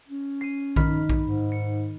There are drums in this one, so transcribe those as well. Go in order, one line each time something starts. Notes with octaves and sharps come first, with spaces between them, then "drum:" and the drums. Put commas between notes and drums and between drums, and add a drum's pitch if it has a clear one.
C#4
C7 D#7
D#3 B5 F6, drum: kick A#1
drum: kick A#1
G#2
C#7